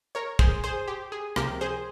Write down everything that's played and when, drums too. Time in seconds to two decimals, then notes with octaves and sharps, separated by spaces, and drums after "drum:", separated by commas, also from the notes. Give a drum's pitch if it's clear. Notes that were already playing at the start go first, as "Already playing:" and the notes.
0.15 A#4 C#5
0.39 G#4 C5, drum: kick
0.64 G#4 C5
0.88 G4
1.12 G#4
1.36 C#2 C3 F3 A#3 G4 A#4, drum: rim click
1.61 G#4 C5